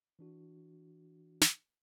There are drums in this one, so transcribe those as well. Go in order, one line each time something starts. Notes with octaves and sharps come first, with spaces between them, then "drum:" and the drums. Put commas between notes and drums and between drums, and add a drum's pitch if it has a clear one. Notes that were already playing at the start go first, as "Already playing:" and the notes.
E3 D4 F#4
drum: snare